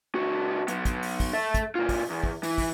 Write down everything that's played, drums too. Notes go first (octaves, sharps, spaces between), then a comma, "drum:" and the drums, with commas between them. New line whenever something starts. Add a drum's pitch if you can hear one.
C#2 F#4
F#3 B3, drum: hi-hat
drum: kick, hi-hat
drum: open hi-hat
drum: kick, open hi-hat
A4 E5
drum: kick, hi-hat
B2 F4
drum: kick, open hi-hat
E2
drum: kick
E3, drum: open hi-hat
drum: kick, open hi-hat